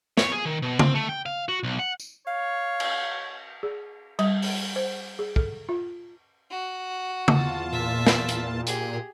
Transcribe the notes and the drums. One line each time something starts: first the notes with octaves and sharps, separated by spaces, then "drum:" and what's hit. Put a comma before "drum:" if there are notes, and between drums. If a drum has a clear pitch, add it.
C#5, drum: snare
G#4
D#3
B2
C4, drum: tom C#3
A3
G5
F5
F#4
B1
F#5
drum: tambourine
C#5 F5
drum: cymbal
G#4
G3, drum: cymbal
drum: open hi-hat
C5
G#4
A4, drum: kick
F4
F#4
E2 F4 A5, drum: tom C#3
A#2 E5
drum: snare
drum: hi-hat
G4 G#4, drum: hi-hat